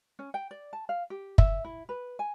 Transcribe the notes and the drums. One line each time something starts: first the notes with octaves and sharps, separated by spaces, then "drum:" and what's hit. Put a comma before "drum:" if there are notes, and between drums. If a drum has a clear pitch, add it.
C#4
G5
D5
A5
F5
G4
E5, drum: kick F#1
E4
B4
G#5